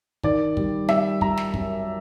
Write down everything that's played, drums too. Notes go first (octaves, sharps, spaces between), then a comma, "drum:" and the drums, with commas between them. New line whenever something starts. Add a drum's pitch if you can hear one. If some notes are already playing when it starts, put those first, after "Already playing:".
D#3 D5, drum: kick
G3, drum: kick
G3 E5, drum: snare
G3 A#5, drum: kick
drum: snare
F#2, drum: kick